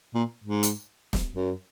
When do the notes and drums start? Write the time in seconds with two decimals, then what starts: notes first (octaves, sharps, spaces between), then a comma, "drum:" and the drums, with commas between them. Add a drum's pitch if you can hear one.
0.14 A#2
0.44 G#2
0.63 drum: hi-hat
1.13 drum: snare
1.34 F#2